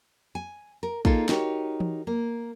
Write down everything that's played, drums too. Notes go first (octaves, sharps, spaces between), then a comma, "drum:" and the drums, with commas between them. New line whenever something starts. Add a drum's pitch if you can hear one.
G#5
A#4
A#3 D#4 F4 G#4 A4, drum: kick
D#4 F#4 G4 A#4 C#5, drum: snare
drum: tom E3
A#3